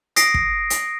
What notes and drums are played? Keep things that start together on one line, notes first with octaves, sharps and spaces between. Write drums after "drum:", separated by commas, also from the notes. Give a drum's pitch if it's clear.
D#6 A#6 C7 D7, drum: hi-hat
drum: kick
drum: hi-hat